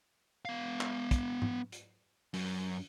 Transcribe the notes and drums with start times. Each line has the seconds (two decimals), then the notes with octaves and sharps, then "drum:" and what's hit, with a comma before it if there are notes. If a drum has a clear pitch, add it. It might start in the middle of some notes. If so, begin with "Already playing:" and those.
0.45 B3 F5
0.81 drum: clap
1.11 drum: kick, hi-hat
1.42 drum: tom G#2
1.72 drum: hi-hat
2.34 F#2, drum: open hi-hat